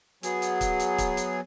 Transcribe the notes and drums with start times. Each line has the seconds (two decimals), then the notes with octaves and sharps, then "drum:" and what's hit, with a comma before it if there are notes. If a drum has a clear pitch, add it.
0.23 F#3 B3 G#4, drum: hi-hat
0.42 drum: hi-hat
0.61 drum: kick, hi-hat
0.80 drum: hi-hat
0.98 drum: kick, hi-hat
1.17 drum: hi-hat